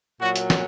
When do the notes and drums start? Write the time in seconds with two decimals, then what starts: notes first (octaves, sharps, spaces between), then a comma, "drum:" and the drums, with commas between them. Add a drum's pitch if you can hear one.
0.21 A#2 F#3 F#4
0.36 drum: hi-hat
0.50 drum: snare